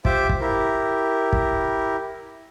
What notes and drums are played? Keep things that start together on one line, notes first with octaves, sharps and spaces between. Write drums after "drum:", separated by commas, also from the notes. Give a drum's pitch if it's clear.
F4 G4 C5 E5 D6, drum: kick
drum: kick
E4 G4 A#4
drum: kick